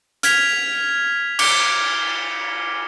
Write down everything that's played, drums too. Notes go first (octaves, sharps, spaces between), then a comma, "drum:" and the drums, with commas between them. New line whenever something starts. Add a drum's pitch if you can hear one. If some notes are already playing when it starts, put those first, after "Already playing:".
F6 G#6 B6 F7, drum: hi-hat
D6 C#7 G7, drum: cymbal